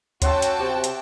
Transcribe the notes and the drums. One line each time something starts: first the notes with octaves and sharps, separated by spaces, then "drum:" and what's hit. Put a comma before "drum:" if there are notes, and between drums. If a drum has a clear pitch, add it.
C#4 F#4 E5 F#5 G5 A5 C6, drum: kick, hi-hat
drum: hi-hat
C3 G4
drum: hi-hat